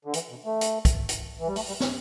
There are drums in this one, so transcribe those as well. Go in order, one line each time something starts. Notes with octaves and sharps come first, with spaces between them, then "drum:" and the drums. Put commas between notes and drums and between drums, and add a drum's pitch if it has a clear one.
D3
E3, drum: hi-hat
B2
A3
drum: hi-hat
drum: kick, hi-hat
drum: hi-hat
E3
G3
A3, drum: open hi-hat
G3
E3, drum: snare